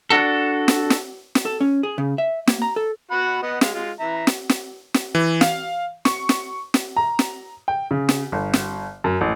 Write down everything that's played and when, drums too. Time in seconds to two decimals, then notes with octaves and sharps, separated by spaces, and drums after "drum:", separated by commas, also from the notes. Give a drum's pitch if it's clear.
0.10 D4 F#4 A4
0.68 drum: snare
0.90 drum: snare
1.35 drum: snare
1.45 A4
1.61 C#4
1.83 G#4
1.98 C#3
2.18 E5
2.47 A#3, drum: snare
2.62 A#5
2.76 A4
3.11 F#4 F#5 B5
3.43 B3 D#5 F#5
3.61 G#3 F5, drum: snare
3.74 G#3 F4
4.00 E3 E5 A#5
4.27 drum: snare
4.49 drum: snare
4.94 drum: snare
5.15 E3
5.41 F5, drum: snare
6.05 C#6, drum: snare
6.29 drum: snare
6.74 drum: snare
6.97 A#5
7.19 drum: snare
7.68 G5
7.91 C#3
8.09 drum: snare
8.32 G1
8.53 drum: snare
9.04 F#2
9.21 A1